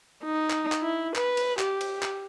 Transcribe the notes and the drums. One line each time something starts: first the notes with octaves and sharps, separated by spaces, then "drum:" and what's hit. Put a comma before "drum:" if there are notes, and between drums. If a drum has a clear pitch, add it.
D#4
drum: clap
drum: clap
E4
B4, drum: clap
drum: cymbal
G4, drum: clap
drum: cymbal
drum: clap